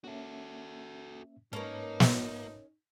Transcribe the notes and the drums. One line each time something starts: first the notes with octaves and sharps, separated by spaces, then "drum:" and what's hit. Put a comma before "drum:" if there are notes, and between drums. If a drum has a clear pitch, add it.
A#3 C#4 F#4 A4 E5
G#2 A#3 C#4 D#4 A#4 B4 A5
drum: snare